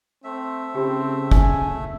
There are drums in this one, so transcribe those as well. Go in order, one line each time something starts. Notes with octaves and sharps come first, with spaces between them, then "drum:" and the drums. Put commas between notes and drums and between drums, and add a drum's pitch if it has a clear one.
A3 C4 E5
C#3 C4 D#4 F4 G4
G#5, drum: kick